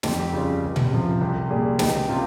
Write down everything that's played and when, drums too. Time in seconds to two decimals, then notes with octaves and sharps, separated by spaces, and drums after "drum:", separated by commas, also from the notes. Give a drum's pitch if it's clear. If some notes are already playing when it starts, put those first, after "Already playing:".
0.03 F2 G4, drum: snare
0.19 G4
0.33 C#3 G3 F4
0.62 C#2
0.76 drum: tom A#2
0.91 C3 F3
1.21 C2 G4
1.50 A#2 G3 G#4
1.79 C#2 G4, drum: snare
2.09 C3 F4